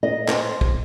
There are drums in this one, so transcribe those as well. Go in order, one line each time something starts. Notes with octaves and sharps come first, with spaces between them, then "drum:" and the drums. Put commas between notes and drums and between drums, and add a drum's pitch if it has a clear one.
D#5
C5, drum: clap
drum: kick B1